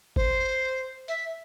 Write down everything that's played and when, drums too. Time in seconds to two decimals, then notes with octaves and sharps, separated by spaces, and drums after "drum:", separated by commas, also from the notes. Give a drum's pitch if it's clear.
0.16 C5, drum: kick G1
1.08 E5, drum: hi-hat